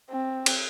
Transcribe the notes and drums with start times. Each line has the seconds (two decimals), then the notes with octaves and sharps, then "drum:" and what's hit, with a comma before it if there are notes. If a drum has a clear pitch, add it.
0.10 C4
0.46 drum: cymbal